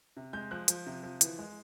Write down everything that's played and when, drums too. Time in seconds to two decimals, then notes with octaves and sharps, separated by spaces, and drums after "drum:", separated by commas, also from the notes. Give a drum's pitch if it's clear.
0.17 C3
0.33 G#3 G6
0.51 F3 F#6
0.68 F3, drum: hi-hat
0.86 C3
1.03 F3
1.21 E3, drum: hi-hat
1.39 G#3